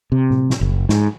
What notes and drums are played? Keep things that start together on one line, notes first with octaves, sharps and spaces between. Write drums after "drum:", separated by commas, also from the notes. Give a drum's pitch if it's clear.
C3
drum: tom A2
drum: snare
F#1
G#2, drum: snare